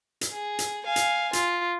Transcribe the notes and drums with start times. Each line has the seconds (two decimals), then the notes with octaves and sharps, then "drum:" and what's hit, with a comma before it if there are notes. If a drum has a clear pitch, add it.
0.21 drum: hi-hat
0.32 G#4
0.59 drum: hi-hat
0.84 F5 G#5
0.96 drum: hi-hat
1.33 F4, drum: hi-hat